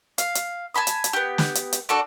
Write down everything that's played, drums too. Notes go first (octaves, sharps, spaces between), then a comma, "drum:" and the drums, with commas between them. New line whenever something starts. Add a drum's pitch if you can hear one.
F5, drum: hi-hat
drum: hi-hat
G#5 A5 B5 D#6
drum: hi-hat
drum: hi-hat
B3 G4
drum: snare
drum: hi-hat
drum: hi-hat
D4 F#4 A4 D5